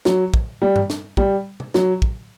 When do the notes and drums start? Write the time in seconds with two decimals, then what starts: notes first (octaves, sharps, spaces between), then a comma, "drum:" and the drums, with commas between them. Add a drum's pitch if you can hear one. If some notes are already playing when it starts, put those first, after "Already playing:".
0.05 F#3, drum: snare
0.34 drum: kick
0.62 G3
0.76 drum: tom G2
0.90 drum: snare
1.17 G3, drum: kick
1.60 drum: tom C3
1.74 F#3, drum: snare
2.02 drum: kick